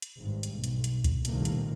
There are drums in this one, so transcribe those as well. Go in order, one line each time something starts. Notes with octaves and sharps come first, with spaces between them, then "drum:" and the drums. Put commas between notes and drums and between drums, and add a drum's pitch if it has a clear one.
drum: hi-hat
G#1 G2
drum: hi-hat
B1
drum: hi-hat
drum: hi-hat
drum: kick C#2, hi-hat
F#1 C2 A#2 D#3 A3 A#3, drum: hi-hat
drum: hi-hat